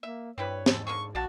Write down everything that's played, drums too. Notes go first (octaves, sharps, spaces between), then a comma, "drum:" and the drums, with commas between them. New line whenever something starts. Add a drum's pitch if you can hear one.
A#3 E5
G2 C4 E4 B4 C#5
G#2 F#3 A4, drum: snare
D3 A#3 G#4 C#6
A#1 F#4 D5 F5 A5